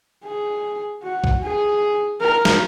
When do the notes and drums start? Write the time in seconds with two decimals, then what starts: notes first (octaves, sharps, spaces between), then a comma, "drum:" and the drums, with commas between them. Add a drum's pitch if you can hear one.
0.24 G#4
1.03 F#4
1.24 drum: kick
1.42 G#4
2.21 A#4
2.45 drum: snare